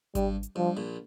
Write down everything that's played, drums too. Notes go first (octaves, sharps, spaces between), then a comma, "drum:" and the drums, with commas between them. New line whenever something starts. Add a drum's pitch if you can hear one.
G2 G3, drum: kick G#1, hi-hat
drum: hi-hat
G2 F3
A#1 A#2